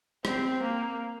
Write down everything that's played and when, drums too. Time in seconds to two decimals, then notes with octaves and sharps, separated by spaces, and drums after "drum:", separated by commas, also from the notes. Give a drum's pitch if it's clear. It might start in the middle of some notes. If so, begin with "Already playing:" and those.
0.25 C4, drum: rim click
0.62 A#3